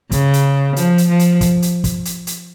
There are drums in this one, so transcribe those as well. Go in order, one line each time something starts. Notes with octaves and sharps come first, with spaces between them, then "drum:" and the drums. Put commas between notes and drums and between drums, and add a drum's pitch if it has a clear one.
C#3, drum: kick, hi-hat
drum: hi-hat
F3, drum: hi-hat
drum: hi-hat
F3
drum: hi-hat
drum: kick, hi-hat
drum: hi-hat
drum: kick, hi-hat
drum: hi-hat
drum: hi-hat